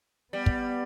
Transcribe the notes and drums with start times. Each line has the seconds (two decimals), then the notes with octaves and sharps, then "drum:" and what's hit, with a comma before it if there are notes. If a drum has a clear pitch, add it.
0.33 G3 B3
0.46 drum: kick